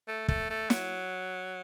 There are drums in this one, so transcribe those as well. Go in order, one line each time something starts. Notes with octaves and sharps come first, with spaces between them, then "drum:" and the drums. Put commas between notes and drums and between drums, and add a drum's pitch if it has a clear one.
A3
A3, drum: kick
A3
F#3, drum: snare